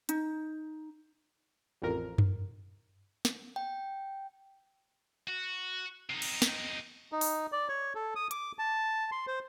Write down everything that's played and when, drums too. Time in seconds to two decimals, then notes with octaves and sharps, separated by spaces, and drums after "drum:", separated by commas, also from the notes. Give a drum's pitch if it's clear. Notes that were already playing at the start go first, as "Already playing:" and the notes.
0.09 D#4, drum: hi-hat
1.82 A1 F2 A#4
2.18 drum: tom F#2
3.25 drum: snare
3.56 G5
5.28 F#4
6.10 C3 D#4
6.22 drum: cymbal
6.42 drum: snare
7.12 D#4
7.21 drum: open hi-hat
7.52 D5
7.69 C#5
7.95 A4
8.16 D#6
8.31 D6, drum: hi-hat
8.59 A5
9.12 C6
9.27 C5